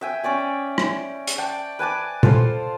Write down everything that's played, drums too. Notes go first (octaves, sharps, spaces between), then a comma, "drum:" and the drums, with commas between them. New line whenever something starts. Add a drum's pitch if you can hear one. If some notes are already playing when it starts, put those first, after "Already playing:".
E5 G5 G#5
C#4 C#5 D5 G5
drum: rim click
drum: hi-hat
D5 G5 A5
B4 G#5 A5 D6
F4 A4 C5 C6, drum: tom